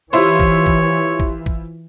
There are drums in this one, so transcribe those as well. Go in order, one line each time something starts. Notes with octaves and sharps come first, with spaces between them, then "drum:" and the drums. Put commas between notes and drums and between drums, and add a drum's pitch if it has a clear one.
E3 E4 F4 G4 C5 C#5 C6
drum: kick
drum: kick
drum: kick
drum: kick